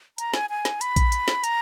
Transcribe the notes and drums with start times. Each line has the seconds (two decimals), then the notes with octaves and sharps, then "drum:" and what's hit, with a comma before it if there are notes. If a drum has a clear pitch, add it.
0.18 A#5, drum: hi-hat
0.34 G#5, drum: snare
0.50 G#5
0.65 drum: snare
0.81 B5, drum: hi-hat
0.96 drum: kick A#1, hi-hat
1.12 drum: hi-hat
1.28 drum: snare
1.44 A#5, drum: hi-hat